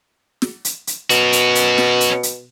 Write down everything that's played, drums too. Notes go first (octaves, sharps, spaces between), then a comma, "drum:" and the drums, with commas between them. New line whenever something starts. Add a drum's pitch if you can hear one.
drum: snare
drum: hi-hat
drum: hi-hat
B2 C#4 F#4, drum: hi-hat
drum: hi-hat
drum: hi-hat
drum: snare
drum: hi-hat
drum: hi-hat